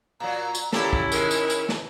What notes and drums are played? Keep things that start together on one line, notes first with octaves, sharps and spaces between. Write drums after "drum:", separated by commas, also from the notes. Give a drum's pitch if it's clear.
A#2 F#3 A#5
drum: tambourine
A#2 C#4 E4 G4 A4, drum: snare
drum: kick
D#3 G#3 A#4, drum: tambourine
drum: tambourine
drum: tambourine
drum: snare